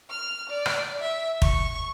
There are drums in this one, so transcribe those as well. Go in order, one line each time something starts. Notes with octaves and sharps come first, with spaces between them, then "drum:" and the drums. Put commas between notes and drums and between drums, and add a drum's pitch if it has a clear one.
F6
D5
drum: rim click
E5
C#6, drum: kick